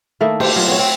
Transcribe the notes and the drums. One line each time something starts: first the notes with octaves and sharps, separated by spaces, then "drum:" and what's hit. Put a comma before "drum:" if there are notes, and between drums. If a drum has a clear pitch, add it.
D#3 A3 A#3 E4
G4 C5 D5, drum: cymbal
F#3 B3 F4
C4 F#4 C#5
C4